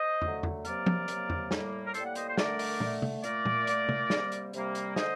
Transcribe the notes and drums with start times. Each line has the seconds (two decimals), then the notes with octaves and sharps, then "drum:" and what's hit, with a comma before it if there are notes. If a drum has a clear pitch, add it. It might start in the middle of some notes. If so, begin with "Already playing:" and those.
Already playing: C5 D#5
0.22 D3 F#3 A3, drum: tom
0.43 drum: tom
0.65 C3 F#3 A#3 A#4 D5, drum: hi-hat
0.86 drum: tom F3
1.08 C3 F#3 A#3, drum: hi-hat
1.30 drum: tom
1.51 A2 G3 A#3, drum: snare
1.87 A#4
1.94 A2 G3 A#3 A4 C5, drum: hi-hat
2.05 F#5
2.15 C5 D#5, drum: hi-hat
2.29 C5
2.37 D3 A3 A#4 D5, drum: snare
2.59 drum: open hi-hat
2.80 D3 A3, drum: tom
3.02 drum: tom C3
3.24 A#2 A3 A#4 D5, drum: hi-hat
3.45 drum: tom
3.67 A#2 A3, drum: hi-hat
3.89 drum: tom C3
4.10 C3 G3 A#3, drum: snare
4.32 drum: hi-hat
4.53 C3 G3 A#3, drum: hi-hat
4.75 drum: hi-hat
4.96 D3 C5 D#5, drum: snare